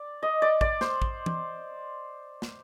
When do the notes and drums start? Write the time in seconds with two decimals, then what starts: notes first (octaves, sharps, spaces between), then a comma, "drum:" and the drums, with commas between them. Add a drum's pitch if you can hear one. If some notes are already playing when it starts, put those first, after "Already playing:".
Already playing: D5
0.23 D#5
0.42 D5
0.61 D5, drum: kick A1
0.81 C5, drum: snare
1.02 drum: kick A1
1.26 drum: tom E3
2.42 drum: snare